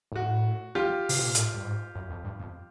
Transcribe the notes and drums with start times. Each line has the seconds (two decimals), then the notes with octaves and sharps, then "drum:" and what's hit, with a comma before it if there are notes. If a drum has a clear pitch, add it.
0.12 G#2
0.16 A2 F#4
0.75 F4 G4
1.09 C3, drum: open hi-hat
1.18 B2
1.26 A#2
1.35 A2, drum: hi-hat
1.54 G2
1.65 G#2
1.95 F#2
2.10 F2
2.24 G2
2.40 F2